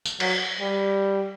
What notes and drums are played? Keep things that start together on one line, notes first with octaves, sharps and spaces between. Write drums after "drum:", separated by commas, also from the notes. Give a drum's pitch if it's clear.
drum: tambourine
F#3, drum: cymbal
G3